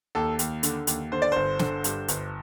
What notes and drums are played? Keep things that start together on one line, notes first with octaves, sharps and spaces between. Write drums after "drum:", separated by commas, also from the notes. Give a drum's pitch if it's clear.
D#2 A4
D#2, drum: hi-hat
D3, drum: hi-hat
D#2, drum: hi-hat
D3 C5
D5
G1 C5
D3, drum: snare
G2, drum: hi-hat
G1, drum: hi-hat